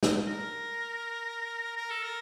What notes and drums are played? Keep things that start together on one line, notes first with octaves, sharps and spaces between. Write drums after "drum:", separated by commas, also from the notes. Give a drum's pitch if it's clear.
drum: snare
A#4
A#4
A4
A#4